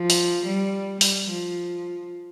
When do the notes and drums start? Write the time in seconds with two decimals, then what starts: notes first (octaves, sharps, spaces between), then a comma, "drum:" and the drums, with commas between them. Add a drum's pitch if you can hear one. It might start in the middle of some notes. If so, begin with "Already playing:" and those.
Already playing: F3
0.10 drum: open hi-hat
0.45 G3
1.01 G3, drum: open hi-hat
1.30 F3